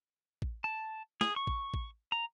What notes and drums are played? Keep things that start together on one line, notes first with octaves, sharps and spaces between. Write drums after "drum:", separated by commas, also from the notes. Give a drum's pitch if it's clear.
drum: kick A1
A5
G#4, drum: snare
C#6
drum: kick A1
drum: kick A1
A#5